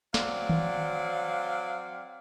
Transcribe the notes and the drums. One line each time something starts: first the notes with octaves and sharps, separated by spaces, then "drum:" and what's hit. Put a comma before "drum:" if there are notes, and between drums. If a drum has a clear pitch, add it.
F#3 C4 D5 F5, drum: snare
drum: tom D#3